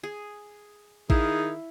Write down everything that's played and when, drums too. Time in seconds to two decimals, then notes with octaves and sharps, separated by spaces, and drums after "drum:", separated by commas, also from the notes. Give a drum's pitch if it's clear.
0.03 G#4
1.10 D#3 E4 G#4 F5, drum: kick A1